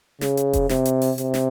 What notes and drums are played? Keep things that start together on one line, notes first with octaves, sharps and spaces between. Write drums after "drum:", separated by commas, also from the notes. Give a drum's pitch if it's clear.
C#3, drum: snare
drum: hi-hat
drum: kick F1, hi-hat
C3, drum: snare
drum: hi-hat
drum: open hi-hat
C3, drum: hi-hat
drum: snare